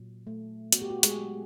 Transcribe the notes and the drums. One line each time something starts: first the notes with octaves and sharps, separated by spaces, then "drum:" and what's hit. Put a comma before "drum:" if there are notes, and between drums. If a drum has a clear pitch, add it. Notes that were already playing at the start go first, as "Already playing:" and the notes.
Already playing: A#2 F#3
A3
B3 F#4, drum: hi-hat
G4
F#4
G#3 G#4, drum: hi-hat
F#3